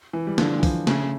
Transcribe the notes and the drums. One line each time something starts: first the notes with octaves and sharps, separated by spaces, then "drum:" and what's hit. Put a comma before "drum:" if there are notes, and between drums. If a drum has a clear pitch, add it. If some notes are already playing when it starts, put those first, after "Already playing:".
E3
G3
D3 F3, drum: snare A#3
E3
F3, drum: kick, open hi-hat
C#3 A3, drum: snare A#3